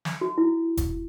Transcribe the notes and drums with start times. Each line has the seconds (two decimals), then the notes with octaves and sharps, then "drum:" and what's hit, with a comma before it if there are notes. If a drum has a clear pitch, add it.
0.05 drum: snare
0.21 F#4
0.38 E4
0.77 drum: kick F1, hi-hat